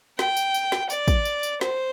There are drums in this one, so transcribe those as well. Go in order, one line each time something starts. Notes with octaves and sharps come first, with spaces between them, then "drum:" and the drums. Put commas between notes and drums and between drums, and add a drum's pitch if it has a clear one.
G5, drum: snare
drum: tambourine
drum: tambourine
drum: snare
D5, drum: tambourine
drum: kick, tambourine
drum: tambourine
drum: tambourine
C5, drum: snare